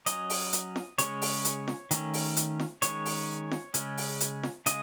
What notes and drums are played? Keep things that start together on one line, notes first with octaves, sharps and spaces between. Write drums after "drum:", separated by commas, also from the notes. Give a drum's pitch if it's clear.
F#3 C#4 D#5, drum: hi-hat
drum: open hi-hat
drum: hi-hat
drum: snare F4
C#3 G#3 C#4 C#5, drum: hi-hat
drum: open hi-hat
drum: hi-hat
drum: snare F4
D#3 A3 C#4, drum: hi-hat
drum: open hi-hat
drum: hi-hat
drum: snare F4
D#3 G#3 C#4 C#5, drum: hi-hat
drum: open hi-hat
drum: snare F4
C#3 G#3 C#4, drum: hi-hat
drum: open hi-hat
drum: hi-hat
drum: snare F4
C#3 G#3 D#5, drum: hi-hat